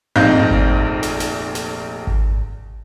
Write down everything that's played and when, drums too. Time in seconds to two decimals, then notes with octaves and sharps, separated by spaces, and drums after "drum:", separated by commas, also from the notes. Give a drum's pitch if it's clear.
0.16 F1 A#1 C4 D#4 F5 G6
0.50 drum: kick G#1
1.03 drum: snare
1.20 drum: snare
1.55 drum: snare
2.07 drum: kick G#1